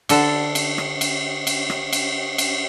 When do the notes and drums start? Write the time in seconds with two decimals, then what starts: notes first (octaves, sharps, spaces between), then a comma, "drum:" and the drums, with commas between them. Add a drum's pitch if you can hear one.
0.09 D3 A4 F#5, drum: cymbal
0.55 drum: cymbal
0.78 drum: rim click
1.01 drum: cymbal
1.47 drum: cymbal
1.70 drum: rim click
1.93 drum: cymbal
2.38 drum: cymbal